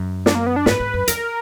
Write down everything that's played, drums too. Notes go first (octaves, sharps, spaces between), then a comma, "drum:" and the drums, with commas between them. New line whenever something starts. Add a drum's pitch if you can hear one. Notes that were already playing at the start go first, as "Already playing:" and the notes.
Already playing: F#2
D4, drum: snare
A#3
B3
D4
G#2 B4, drum: snare
G#2
F#2
F2 A#4, drum: hi-hat